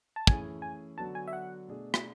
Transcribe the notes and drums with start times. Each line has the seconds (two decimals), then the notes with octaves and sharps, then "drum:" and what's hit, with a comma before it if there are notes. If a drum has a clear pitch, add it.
0.16 A5
0.27 E3 A3 C#4 E4 G#4 G#5, drum: kick
0.62 G#5
0.97 D3 F#3 B3 F#4 A4 A5
1.15 G#5
1.28 E5
1.33 F#5
1.68 B2 A3 D4 G#4
1.94 drum: rim click